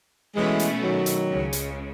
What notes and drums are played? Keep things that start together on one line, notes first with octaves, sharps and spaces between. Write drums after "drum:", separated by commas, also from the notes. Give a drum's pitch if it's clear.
B2 E3 G#3 A3 C#4 E4
drum: hi-hat
D#3 F#3
drum: hi-hat
C#2 C#3 G#3
drum: hi-hat